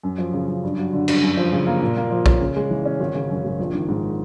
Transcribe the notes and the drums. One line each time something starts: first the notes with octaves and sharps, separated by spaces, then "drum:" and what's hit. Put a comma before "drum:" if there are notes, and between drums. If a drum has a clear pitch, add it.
F#2
F3
C#3
F#2
G2
F#3
D3
G2, drum: cymbal
F#2
F3
C#3
A#3
A#2
A#3
F3
C#4, drum: kick A#1
C#3
G#3
E3
C#4
G#1
C#3
F#2
G#1
A#1
D#3
G#2